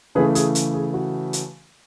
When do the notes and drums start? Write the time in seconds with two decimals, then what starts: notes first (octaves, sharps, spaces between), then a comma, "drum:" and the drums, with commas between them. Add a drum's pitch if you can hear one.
0.15 C#3 E3 A3 G#4 B4
0.35 G#4, drum: hi-hat
0.55 drum: hi-hat
0.74 G#4
0.93 F#4
1.33 drum: hi-hat